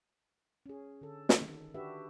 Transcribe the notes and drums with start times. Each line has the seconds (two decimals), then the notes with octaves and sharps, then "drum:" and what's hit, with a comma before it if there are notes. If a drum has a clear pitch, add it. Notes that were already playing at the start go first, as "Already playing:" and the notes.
0.66 C#4 G#4
1.01 D3 A4
1.29 drum: snare
1.42 D#3
1.74 D4 F#4 G4 B4 E5